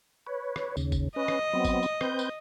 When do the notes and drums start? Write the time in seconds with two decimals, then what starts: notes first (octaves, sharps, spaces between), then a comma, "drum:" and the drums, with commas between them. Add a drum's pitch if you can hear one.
0.27 B4 C#5
0.56 drum: rim click
0.77 D#2 C#3, drum: tambourine
0.92 drum: kick G#1, tambourine
1.16 C#4 B4 D#5
1.28 drum: rim click
1.53 F#3 B3 C4
1.65 drum: kick G#1, tambourine
1.83 drum: tambourine
2.01 C4 B4 G6, drum: rim click
2.19 drum: tambourine